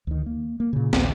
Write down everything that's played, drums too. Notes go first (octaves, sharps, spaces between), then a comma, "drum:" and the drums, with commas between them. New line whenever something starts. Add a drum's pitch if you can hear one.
D2 D#3
A#3
A#3
A#2 C#3
A#1 D#2, drum: snare